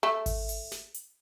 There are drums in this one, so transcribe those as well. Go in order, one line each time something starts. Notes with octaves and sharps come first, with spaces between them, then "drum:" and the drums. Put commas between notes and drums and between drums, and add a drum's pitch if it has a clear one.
A3
drum: kick G#1, open hi-hat
drum: open hi-hat
drum: snare
drum: hi-hat